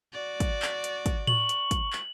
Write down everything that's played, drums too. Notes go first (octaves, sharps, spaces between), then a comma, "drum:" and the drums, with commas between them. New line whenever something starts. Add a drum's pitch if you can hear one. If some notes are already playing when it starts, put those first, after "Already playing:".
F#4 D5
drum: kick, hi-hat
drum: clap
drum: hi-hat
drum: kick, hi-hat
C#6 F#7, drum: tom A2
drum: hi-hat
drum: kick, hi-hat
drum: clap